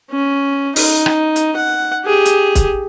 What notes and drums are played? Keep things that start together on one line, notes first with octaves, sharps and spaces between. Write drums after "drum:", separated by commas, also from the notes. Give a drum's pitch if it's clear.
C#4
D#4, drum: open hi-hat
drum: rim click
drum: hi-hat
F#5
G4 G#4
drum: hi-hat
drum: kick, hi-hat